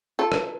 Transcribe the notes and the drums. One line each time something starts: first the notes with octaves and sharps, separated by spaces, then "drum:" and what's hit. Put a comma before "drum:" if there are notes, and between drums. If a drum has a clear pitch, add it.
F4 A4
drum: rim click